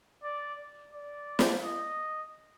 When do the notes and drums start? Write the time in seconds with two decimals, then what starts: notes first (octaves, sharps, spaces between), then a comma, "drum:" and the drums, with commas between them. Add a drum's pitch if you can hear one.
0.24 D5
0.93 D5
1.39 drum: snare
1.62 D#5